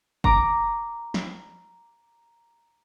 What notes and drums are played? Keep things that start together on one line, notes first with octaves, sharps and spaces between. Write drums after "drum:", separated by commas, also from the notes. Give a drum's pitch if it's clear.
A#5 D6, drum: kick F#1
drum: snare